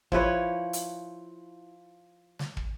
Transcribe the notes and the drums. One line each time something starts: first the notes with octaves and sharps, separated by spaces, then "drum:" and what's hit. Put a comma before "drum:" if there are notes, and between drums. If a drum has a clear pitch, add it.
F3 E4 B4 C#5, drum: kick
drum: hi-hat
drum: snare
drum: kick